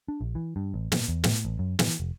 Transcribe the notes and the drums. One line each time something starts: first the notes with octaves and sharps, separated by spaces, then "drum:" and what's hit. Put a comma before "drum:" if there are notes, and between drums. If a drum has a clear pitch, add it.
D4
A#1
E3
G2
A1
A#2, drum: snare
E2
A2, drum: snare
A1
F#2
E3, drum: snare
F1